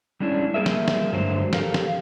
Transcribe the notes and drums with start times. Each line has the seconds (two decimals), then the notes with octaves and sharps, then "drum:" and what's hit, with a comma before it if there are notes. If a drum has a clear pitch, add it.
0.20 G3 G#3 C#4 D4 E4
0.54 G3 A#3 G#4 A#4 E5
0.66 drum: snare
0.88 drum: snare
1.12 G2 D3 F#3 G#3 A3 C5
1.53 G4 A4 A#4 F5, drum: snare
1.74 drum: snare